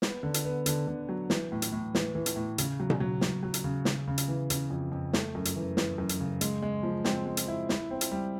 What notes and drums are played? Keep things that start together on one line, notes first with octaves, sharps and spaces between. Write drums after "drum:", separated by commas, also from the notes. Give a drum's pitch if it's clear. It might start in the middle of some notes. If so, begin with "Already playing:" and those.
B3, drum: snare
D3
drum: hi-hat
B3
D3, drum: hi-hat
D3
F#3
E3, drum: snare
A2
drum: hi-hat
A2
E3, drum: snare
E3
drum: hi-hat
A2
C#3, drum: hi-hat
F#3
drum: tom B2
F#3
F#3, drum: snare
F#3
drum: hi-hat
C#3
C#3, drum: snare
C#3
drum: hi-hat
E3
C#3, drum: hi-hat
F2
F2
A3, drum: snare
F#2
drum: hi-hat
E3
E3, drum: snare
F#2
drum: hi-hat
C#3
G#3, drum: hi-hat
G#3
F3
C4, drum: snare
G#3
drum: hi-hat
E4
E4, drum: snare
C4
drum: hi-hat
G3